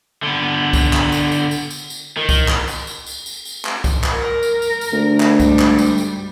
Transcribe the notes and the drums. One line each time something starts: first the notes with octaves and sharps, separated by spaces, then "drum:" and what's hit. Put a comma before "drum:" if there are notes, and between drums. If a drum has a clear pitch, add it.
D3 B3
drum: kick C2, tambourine
drum: clap
drum: tambourine
drum: tambourine
drum: tambourine
drum: tambourine
drum: tambourine
D#3
drum: kick C2, tambourine
drum: clap
drum: tambourine
drum: tambourine
drum: tambourine
drum: tambourine
drum: tambourine
drum: clap
drum: kick C2, tambourine
drum: clap
A#4
drum: tambourine
drum: tambourine
drum: tambourine
D2
drum: clap
G#2 G3, drum: kick C2, tambourine
drum: clap
drum: tambourine
drum: tambourine